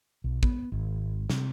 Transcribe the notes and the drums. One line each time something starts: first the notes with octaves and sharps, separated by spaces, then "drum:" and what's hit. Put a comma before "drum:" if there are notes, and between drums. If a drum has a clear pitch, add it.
B1
B3, drum: kick
G#1
C3, drum: snare